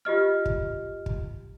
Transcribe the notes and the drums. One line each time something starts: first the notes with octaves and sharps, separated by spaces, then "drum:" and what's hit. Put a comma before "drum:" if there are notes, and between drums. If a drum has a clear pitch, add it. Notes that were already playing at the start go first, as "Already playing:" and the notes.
F4 G4 D#5 F6
drum: kick
drum: kick